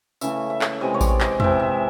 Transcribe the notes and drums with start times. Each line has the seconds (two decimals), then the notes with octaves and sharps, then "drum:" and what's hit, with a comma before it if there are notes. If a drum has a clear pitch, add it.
0.21 C#3 E3 A3 E5, drum: tambourine
0.50 E5
0.61 drum: clap
0.81 C3 E3 G#3 D#5
0.94 C#5
1.01 D5, drum: kick A1, tambourine
1.20 D#5, drum: clap
1.40 C3 E3 G#3 E5, drum: tom E2
1.60 E5